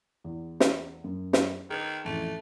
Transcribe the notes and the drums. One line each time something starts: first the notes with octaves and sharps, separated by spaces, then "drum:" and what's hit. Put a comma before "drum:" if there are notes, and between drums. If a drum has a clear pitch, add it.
E2
drum: snare
F#2
drum: snare
D#3 G#4 B4
A1 F2 E3 A3